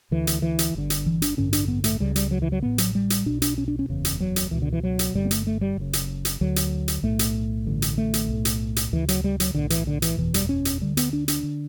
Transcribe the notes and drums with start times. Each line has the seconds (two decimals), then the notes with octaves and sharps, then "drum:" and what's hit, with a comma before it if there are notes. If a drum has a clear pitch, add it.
0.11 D2 D3 E3
0.27 drum: hi-hat
0.42 E3
0.59 drum: hi-hat
0.75 G1 G2 D3
0.90 drum: hi-hat
1.06 E3
1.22 D4, drum: hi-hat
1.37 A1 G2 D3 C#4
1.53 D4, drum: hi-hat
1.68 B3
1.84 A3, drum: hi-hat
2.00 C#2 C#3 G3
2.16 G3, drum: hi-hat
2.31 F#3
2.42 E3
2.52 F#3
2.62 A1 A2 B3
2.78 F#3, drum: hi-hat
2.95 G3
3.10 drum: hi-hat
3.26 B1 B2 D4
3.42 D4, drum: hi-hat
3.58 C#4
3.68 D4
3.79 C#4
3.88 F#1 E2 C#3
4.05 drum: hi-hat
4.20 F#3
4.36 drum: hi-hat
4.51 C#2 B2 E3
4.62 D3
4.73 E3
4.83 F#3
4.99 drum: hi-hat
5.14 G1 G2 D3 G3
5.25 B3
5.31 A3, drum: hi-hat
5.47 A3
5.61 G3
5.78 F#1 F#2 C#3
5.93 drum: hi-hat
6.25 drum: hi-hat
6.41 D2 D3 F#3
6.56 drum: hi-hat
6.88 drum: hi-hat
7.03 B1 A2 A3
7.19 drum: hi-hat
7.66 A1 G2 D3
7.82 drum: hi-hat
7.98 A3
8.14 drum: hi-hat
8.29 B1 A2
8.45 drum: hi-hat
8.76 drum: hi-hat
8.93 D2 C#3 E3
9.09 F#3, drum: hi-hat
9.24 G3
9.40 F#3, drum: hi-hat
9.54 B1 A2 D3
9.70 E3, drum: hi-hat
9.87 D3
10.02 E3, drum: hi-hat
10.17 F#1 E2 B2 E3
10.34 G3, drum: hi-hat
10.49 C#4
10.65 drum: hi-hat
10.80 D2 D3 G3
10.97 B3, drum: hi-hat
11.13 D4
11.28 D4, drum: hi-hat
11.43 D3